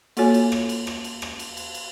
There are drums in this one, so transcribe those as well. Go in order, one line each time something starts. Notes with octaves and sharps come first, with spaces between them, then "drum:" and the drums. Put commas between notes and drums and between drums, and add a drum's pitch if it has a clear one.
A#3 F4 F#4 A4 C#5 G#5, drum: cymbal
drum: cymbal
drum: rim click
drum: cymbal
drum: rim click
drum: cymbal
drum: rim click
drum: cymbal
drum: cymbal
drum: cymbal